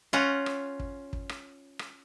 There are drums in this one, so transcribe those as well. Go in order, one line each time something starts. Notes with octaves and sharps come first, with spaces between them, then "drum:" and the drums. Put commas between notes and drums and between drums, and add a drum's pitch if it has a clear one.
C#4 F4 F#5
drum: rim click
drum: kick
drum: kick
drum: rim click
drum: rim click